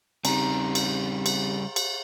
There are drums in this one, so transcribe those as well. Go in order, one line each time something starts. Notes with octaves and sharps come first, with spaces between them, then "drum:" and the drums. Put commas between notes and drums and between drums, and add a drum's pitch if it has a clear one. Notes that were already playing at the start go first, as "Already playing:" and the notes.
C#3 G3 C4 D#4 A#5, drum: cymbal
drum: cymbal
drum: cymbal
drum: cymbal